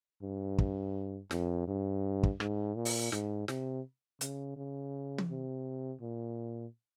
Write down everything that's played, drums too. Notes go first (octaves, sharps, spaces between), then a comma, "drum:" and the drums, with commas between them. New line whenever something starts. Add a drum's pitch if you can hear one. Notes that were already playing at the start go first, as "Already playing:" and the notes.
G2
drum: kick
F2, drum: snare
G2
drum: kick
G#2, drum: rim click
A#2
drum: open hi-hat
G#2, drum: snare
C3, drum: snare
C#3, drum: hi-hat
C#3
drum: tom
C3
A#2